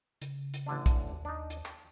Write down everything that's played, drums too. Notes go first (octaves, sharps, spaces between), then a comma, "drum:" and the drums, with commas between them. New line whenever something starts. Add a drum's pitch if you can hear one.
C#3, drum: hi-hat
drum: hi-hat
A1 D3 D4
drum: kick, hi-hat
D#2
D4 D#4
drum: hi-hat
G5, drum: clap